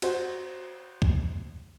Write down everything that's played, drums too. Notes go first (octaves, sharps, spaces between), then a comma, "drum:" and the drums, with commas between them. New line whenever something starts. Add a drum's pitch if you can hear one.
F#4 C5, drum: cymbal
drum: kick